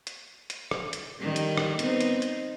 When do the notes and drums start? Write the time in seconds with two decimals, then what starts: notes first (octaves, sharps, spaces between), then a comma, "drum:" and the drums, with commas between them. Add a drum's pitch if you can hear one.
0.07 drum: hi-hat
0.50 drum: hi-hat
0.71 drum: rim click
0.93 drum: hi-hat
1.19 D#3 G3
1.36 drum: hi-hat
1.57 drum: rim click
1.79 B3 C4 D#4, drum: hi-hat
2.01 drum: hi-hat
2.22 drum: hi-hat